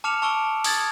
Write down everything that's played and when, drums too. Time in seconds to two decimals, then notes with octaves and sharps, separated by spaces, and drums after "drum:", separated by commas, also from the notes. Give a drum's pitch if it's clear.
0.04 A5 D6 F6 C#7 E7 F7
0.22 A5 C#6 E6 D7 G7
0.64 D#6 G#6 A6, drum: open hi-hat